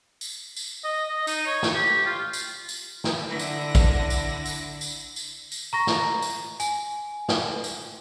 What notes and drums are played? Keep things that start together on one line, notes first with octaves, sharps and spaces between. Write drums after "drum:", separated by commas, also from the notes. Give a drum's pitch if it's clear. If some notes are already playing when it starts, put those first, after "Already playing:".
drum: tambourine
drum: tambourine
D#5
D#5
D#4, drum: tambourine
C#5
drum: snare
G4
F4
drum: tambourine
drum: tambourine
drum: snare
D3 E4 A#6
drum: tambourine
drum: kick A1, tambourine
drum: tambourine
drum: tambourine
drum: tambourine
drum: tambourine
drum: tambourine
A#5 C#6 A#6
drum: snare
drum: tambourine
G#5, drum: tambourine
drum: snare
drum: tambourine